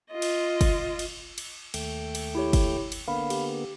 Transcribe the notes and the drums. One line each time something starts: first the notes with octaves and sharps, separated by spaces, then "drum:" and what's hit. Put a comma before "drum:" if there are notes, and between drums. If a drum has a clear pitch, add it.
F4 D#5
drum: cymbal
drum: kick, cymbal
drum: cymbal
drum: cymbal
D#2 A3 G5, drum: cymbal
drum: cymbal
E4 G4 C#5
drum: kick, cymbal
drum: cymbal
D3 A#3 B3 F5 B5
G4, drum: cymbal